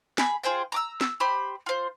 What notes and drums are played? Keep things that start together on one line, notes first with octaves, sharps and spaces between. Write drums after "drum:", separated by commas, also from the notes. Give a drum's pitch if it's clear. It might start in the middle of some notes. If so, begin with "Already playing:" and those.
G#4 B5, drum: snare
F4 G#4 C5 G5
A#5 D6 E6
E6, drum: snare
G4 C5 B5
F4 C5